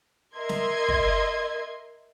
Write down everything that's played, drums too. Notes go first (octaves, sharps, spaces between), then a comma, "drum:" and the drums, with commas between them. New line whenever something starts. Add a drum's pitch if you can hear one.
A#4 D#5 E5 C6 G#6
drum: snare
drum: kick